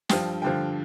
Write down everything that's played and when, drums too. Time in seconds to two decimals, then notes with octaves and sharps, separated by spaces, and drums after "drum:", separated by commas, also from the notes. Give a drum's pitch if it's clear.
0.09 G2 F3 G5, drum: snare
0.42 G2 D3 F3 G5